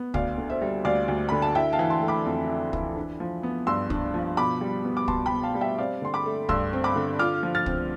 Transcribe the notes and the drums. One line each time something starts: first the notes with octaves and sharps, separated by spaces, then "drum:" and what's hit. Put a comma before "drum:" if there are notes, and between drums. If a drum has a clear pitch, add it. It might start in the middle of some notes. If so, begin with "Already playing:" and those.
Already playing: B3
D2 D5 F5, drum: kick
D3
C5 E5
G3
D2 D5 F5
D2
D3 B5
A5
E4 E5 G5
F5 A5
E3
A5 C6
A3
B5 D6
F2
E4
E3, drum: kick
D4
F3
B3
G2 C6 E6
D4, drum: kick
F3
B2 B5 D6
G3
B3
D6
B2 A5 C6, drum: kick
G5 B5
B2
F5 A5
G3
E5 G5
C4 D5 F5
D3 C6
B5 D6
A3
G2 C6 E6, drum: kick
C4
B5 D6
D3
F4 D6 F6
F3
F6 A6
C4, drum: kick